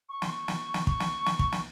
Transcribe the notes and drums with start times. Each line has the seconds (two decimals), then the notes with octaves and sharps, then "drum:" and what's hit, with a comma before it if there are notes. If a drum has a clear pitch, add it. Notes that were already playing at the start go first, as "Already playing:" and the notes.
0.09 C#6
0.22 C6, drum: snare
0.29 C#6
0.48 drum: snare
0.74 drum: snare
0.87 C#6, drum: kick
1.00 drum: snare
1.26 drum: snare
1.39 drum: kick
1.52 drum: snare